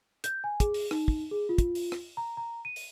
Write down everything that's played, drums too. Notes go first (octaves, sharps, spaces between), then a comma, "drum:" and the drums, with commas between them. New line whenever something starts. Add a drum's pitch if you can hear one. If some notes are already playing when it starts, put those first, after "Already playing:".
G6, drum: hi-hat
G#5
G#4, drum: kick, hi-hat
drum: open hi-hat
D#4, drum: rim click
drum: kick
G#4
F4
drum: kick, hi-hat
drum: open hi-hat
drum: rim click
A#5
A#5
D#7
drum: open hi-hat